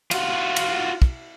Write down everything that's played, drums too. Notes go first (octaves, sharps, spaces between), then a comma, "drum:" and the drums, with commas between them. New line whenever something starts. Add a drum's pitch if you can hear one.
F4 F#4, drum: cymbal
drum: cymbal
drum: kick